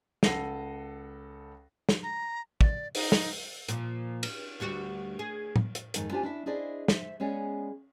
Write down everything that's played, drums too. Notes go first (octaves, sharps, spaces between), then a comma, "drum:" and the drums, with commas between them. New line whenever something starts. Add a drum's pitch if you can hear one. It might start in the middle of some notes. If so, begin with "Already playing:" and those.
C#2 A4 F#5 A#6 C7 D#7, drum: snare
drum: snare
A#5
D5, drum: kick
D#4, drum: open hi-hat
drum: snare
A#2 F3, drum: hi-hat
drum: cymbal
D2 G3 F#4
G#4
drum: tom A2
drum: hi-hat
F2 G#2 D#3, drum: hi-hat
D4 F4 G4 C5 G#5
D4 E4 E5
D4 E4 G#4 C5 D5 D#5
C5 E5, drum: snare
G#3 B3 C#4 G#4 C#5 D5